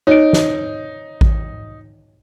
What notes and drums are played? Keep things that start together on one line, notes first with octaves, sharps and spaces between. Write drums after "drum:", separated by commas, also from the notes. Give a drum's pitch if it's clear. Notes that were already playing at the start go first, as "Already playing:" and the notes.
D#4 C#5 D#5 D7
drum: snare
drum: kick A1